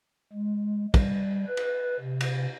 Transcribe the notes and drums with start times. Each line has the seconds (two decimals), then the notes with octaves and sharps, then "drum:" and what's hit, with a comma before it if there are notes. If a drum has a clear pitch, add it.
0.33 G#3
0.94 G3, drum: kick, cymbal
1.48 B4
1.57 drum: cymbal
2.00 C3
2.21 drum: cymbal